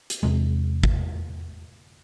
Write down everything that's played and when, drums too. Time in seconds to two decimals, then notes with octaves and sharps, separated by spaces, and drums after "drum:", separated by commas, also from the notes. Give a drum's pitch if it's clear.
0.10 drum: hi-hat
0.23 E2 C3 G#3
0.83 drum: kick